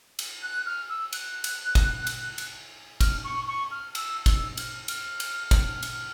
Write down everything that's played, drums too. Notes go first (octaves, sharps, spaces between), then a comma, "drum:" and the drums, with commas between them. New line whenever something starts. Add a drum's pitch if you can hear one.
drum: cymbal
F#6
F6
E6
F#6, drum: cymbal
drum: cymbal
drum: kick, cymbal
drum: cymbal
drum: cymbal
F6, drum: kick, cymbal
C#6
C#6
F6
E6, drum: cymbal
E6, drum: kick, cymbal
F6, drum: cymbal
F6, drum: cymbal
drum: cymbal
drum: kick, cymbal
drum: cymbal